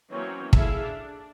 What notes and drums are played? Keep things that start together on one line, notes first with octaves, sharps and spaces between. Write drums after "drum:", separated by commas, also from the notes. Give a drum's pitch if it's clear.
E3 F#3 A#3 C4 C#4 C#5
E4 G#4 A4 E5 F5, drum: kick
D4